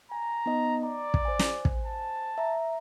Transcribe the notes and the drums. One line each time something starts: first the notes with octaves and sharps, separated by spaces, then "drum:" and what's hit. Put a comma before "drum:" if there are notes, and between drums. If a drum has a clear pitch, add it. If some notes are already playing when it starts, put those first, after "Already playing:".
G#5 A#5
B3 D#4 D#5
D5 A#5
drum: kick
C5 G#5
drum: snare
drum: kick
A5
E5 A#5